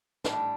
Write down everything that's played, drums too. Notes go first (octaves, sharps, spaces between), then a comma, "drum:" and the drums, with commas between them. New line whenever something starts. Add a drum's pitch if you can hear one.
A2 G3 D4, drum: snare